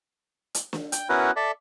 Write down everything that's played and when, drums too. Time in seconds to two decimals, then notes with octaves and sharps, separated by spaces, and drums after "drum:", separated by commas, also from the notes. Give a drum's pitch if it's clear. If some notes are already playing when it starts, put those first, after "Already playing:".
0.55 drum: hi-hat
0.73 drum: snare
0.92 G5, drum: hi-hat
1.09 B3 C#4 E4 F#4 A#4 B4
1.36 A4 D5 E5